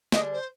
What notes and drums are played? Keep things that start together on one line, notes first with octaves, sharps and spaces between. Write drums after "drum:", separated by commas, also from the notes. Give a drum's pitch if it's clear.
D3 G3 D4 G#4 D#5, drum: snare
C5